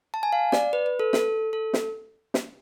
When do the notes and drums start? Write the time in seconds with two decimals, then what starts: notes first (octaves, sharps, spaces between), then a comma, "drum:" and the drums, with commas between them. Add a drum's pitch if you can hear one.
0.14 A5
0.23 G#5
0.33 F5
0.52 D5, drum: snare
0.73 B4
0.86 B4
0.99 A4
1.13 A4, drum: snare
1.53 A4
1.73 drum: snare
2.34 drum: snare